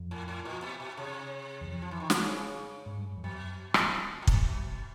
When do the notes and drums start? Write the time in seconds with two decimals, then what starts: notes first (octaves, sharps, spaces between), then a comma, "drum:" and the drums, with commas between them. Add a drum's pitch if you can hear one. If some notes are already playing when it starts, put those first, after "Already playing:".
Already playing: F2
0.11 A2
0.28 A2
0.45 A#2
0.62 B2
0.80 B2
0.97 C3
1.61 E2
1.67 F2
1.82 F3
1.91 E3
2.00 D#3
2.10 D3, drum: snare
2.19 C#3
2.86 G#2
2.98 G2
3.17 F2
3.23 F#2 B2
3.74 drum: rim click
4.22 A#2
4.27 G2 B2, drum: kick